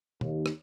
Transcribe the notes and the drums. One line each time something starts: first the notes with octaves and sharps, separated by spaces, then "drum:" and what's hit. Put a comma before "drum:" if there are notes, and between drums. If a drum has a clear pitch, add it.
D#2, drum: tom
drum: rim click